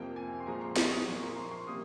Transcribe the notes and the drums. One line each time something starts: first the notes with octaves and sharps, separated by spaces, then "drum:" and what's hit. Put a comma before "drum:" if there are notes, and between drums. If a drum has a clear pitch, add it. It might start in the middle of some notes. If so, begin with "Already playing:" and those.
Already playing: F2 C3 F3 A#3 G5
G#5
C6
A#2 F3 G#3 A#5
C6
C#6, drum: snare
D#6
A#2 F3 A#3 C#6
A#5
C6
C6
C3 G3 A#3 D#6